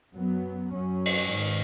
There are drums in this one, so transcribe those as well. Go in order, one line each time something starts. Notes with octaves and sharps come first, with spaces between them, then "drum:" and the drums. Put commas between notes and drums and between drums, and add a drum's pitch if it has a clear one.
F#2 F#3 B3
F#2 F#3 C#4
drum: cymbal
G#2 D#3